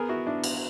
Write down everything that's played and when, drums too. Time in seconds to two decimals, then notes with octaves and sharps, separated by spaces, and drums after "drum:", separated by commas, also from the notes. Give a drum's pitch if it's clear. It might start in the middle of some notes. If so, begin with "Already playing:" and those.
Already playing: B3 G#4 A#4
0.09 E4 F#4
0.27 D4 E4
0.44 drum: cymbal